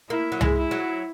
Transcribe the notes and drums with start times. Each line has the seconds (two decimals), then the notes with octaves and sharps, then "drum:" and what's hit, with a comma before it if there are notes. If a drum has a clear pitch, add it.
0.10 A#3 E4
0.32 F#3
0.41 G#3, drum: tom C2
0.56 E4
0.71 F#3